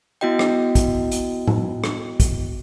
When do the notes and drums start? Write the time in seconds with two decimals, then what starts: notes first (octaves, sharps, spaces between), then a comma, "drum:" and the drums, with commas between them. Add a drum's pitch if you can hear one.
0.21 B3 E4 F#4 D#5 G5
0.39 drum: rim click
0.75 drum: kick, hi-hat
1.11 drum: hi-hat
1.48 drum: tom A2
1.84 drum: rim click
2.20 drum: kick, hi-hat